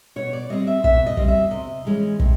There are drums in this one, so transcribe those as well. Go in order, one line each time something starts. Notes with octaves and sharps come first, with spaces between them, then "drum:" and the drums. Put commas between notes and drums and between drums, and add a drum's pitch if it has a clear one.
B2 C#5
D5
G3 C4 D#5
E5
B2 E5, drum: kick
D#5
G3 C4, drum: kick
E5
C3 D#5
E3 G#3 C#4
C3, drum: kick